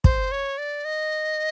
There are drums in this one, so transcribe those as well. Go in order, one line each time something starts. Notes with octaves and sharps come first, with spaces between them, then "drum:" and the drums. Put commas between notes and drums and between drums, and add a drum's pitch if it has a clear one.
C5, drum: kick
C#5
D5
D#5